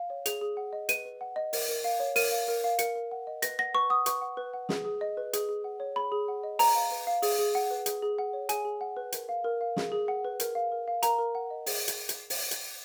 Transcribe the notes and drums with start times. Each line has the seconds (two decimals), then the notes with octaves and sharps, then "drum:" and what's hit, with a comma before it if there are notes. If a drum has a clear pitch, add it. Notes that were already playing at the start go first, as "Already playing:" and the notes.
Already playing: F5
0.10 C#5
0.26 G#4 F7, drum: hi-hat
0.41 G#4
0.57 F#5
0.73 D#5
0.89 B4 D#7, drum: hi-hat
1.06 B4
1.21 F#5
1.36 D#5
1.53 A#4, drum: open hi-hat
1.69 A#4
1.84 F5
2.00 C#5
2.16 A#4 D#7, drum: open hi-hat
2.32 F5
2.48 A#4
2.64 F5
2.79 A#4 C#7, drum: hi-hat
2.96 A#4
3.12 F#5
3.27 D#5
3.42 B4 A#6, drum: hi-hat
3.59 F#5 A#6
3.74 B4 C#6
3.90 F#5 D#6
4.06 B4 C#6, drum: hi-hat
4.22 F#5
4.37 B4
4.54 F#5
4.69 G#4, drum: snare
4.85 G#4
5.01 D#5
5.17 B4
5.33 G#4, drum: hi-hat
5.49 G#4
5.64 F#5
5.80 C#5
5.96 G#4 B5
6.12 G#4
6.28 F#5
6.43 D#5
6.59 B4 A#5, drum: open hi-hat
6.75 F5
6.91 B4
7.07 F5
7.22 G#4, drum: open hi-hat
7.38 G#4
7.55 F#5
7.71 B4
7.86 G#4, drum: hi-hat
8.02 G#4
8.19 F#5
8.33 C#5
8.49 G#4 G#5, drum: hi-hat
8.65 G#4
8.81 F#5
8.97 B4
9.12 A#4, drum: hi-hat
9.29 F5
9.44 A#4
9.61 F5
9.76 G#4, drum: snare
9.92 G#4
10.08 F#5
10.25 B4
10.40 A#4, drum: hi-hat
10.55 F5
10.72 A#4
10.88 F5
11.03 A#4 A#5, drum: hi-hat
11.18 A#4
11.35 F#5
11.51 D#5
11.66 G#4, drum: open hi-hat
11.88 drum: hi-hat
12.09 drum: hi-hat
12.30 drum: open hi-hat
12.51 drum: hi-hat